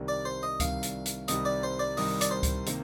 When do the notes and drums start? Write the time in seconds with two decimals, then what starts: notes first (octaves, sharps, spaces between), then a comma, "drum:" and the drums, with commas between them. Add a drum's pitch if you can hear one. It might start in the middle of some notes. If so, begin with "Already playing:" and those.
Already playing: C2 C3 D#3 G3
0.08 D5
0.25 C5
0.43 D#5
0.60 C2 C3 D#3 G3 F5, drum: kick C#2, hi-hat
0.83 drum: hi-hat
1.06 drum: hi-hat
1.28 C2 C3 D#3 G3 D#5, drum: hi-hat
1.45 D5
1.63 C5
1.79 D5
1.97 C2 C3 D#3 G3 D#5, drum: open hi-hat
2.21 D5, drum: hi-hat
2.31 C5
2.43 drum: kick C#2, hi-hat
2.66 C3 D#3 A#3, drum: hi-hat